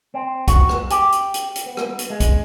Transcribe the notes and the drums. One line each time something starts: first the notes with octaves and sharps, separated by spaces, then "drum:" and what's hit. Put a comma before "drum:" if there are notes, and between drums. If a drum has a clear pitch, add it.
C4
F#4, drum: kick, hi-hat
drum: rim click
G4, drum: hi-hat
drum: hi-hat
drum: hi-hat
drum: hi-hat
B3
drum: rim click
drum: hi-hat
G#3
drum: kick, hi-hat